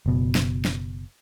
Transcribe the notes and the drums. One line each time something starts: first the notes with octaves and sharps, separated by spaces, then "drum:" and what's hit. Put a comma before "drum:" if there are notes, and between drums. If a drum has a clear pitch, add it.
F#1 B2
drum: snare
drum: snare